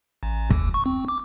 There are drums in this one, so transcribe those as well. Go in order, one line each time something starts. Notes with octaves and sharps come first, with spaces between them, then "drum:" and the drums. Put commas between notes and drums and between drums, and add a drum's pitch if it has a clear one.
A1
D#2, drum: kick
C#6
C4
D6